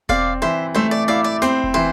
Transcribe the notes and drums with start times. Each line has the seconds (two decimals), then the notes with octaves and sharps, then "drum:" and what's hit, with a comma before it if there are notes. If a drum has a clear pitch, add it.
0.09 C4 D5 F5, drum: kick E1
0.42 E3 C5 E5
0.75 A3 C5 E5
0.91 D5
1.08 E4 D5 F5
1.24 D5
1.42 C4 C5, drum: snare
1.64 drum: kick E1
1.74 E3 C5